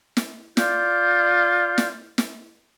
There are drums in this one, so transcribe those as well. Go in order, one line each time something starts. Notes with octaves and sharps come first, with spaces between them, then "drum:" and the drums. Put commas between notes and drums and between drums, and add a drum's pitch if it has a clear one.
drum: snare
F4 D5 G6, drum: snare
drum: snare
drum: snare